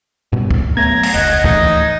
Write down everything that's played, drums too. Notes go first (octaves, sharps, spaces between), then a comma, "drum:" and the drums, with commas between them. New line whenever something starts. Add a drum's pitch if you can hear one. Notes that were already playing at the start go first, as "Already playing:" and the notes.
G2 B2
drum: kick
F#3 A3 B3 A#5 G#6
drum: cymbal
F1 C#2 D#5 F#5
E3 A3 D#4, drum: kick